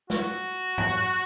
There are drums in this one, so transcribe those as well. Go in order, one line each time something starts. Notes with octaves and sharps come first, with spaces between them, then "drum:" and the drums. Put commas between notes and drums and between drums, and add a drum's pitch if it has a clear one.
F#4, drum: snare
drum: tom G#2